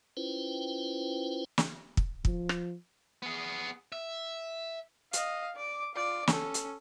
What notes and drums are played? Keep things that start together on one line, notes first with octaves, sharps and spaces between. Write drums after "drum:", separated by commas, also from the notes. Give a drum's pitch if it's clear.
C#4 E4 F4 B4 C5 G5
drum: snare
drum: kick
F3, drum: kick
drum: rim click
B3 G#4
E5
D#5 F5, drum: hi-hat
D5 D6
F4 D5
C#4 A4, drum: snare
drum: hi-hat